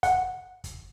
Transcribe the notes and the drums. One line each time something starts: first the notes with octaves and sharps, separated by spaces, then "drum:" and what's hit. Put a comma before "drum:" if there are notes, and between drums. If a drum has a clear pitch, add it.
F#5, drum: kick, hi-hat
drum: kick, hi-hat